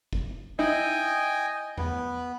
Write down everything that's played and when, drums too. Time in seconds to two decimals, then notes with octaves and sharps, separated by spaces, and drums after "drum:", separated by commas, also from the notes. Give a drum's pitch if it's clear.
0.13 drum: kick
0.59 D#4 E4 D#5 G5 G#5
1.78 B3, drum: tom E2